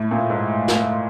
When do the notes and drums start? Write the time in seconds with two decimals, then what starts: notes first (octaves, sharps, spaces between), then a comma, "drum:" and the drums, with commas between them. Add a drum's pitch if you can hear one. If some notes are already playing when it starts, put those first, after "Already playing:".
Already playing: A2
0.11 A#2
0.30 G#2
0.68 drum: snare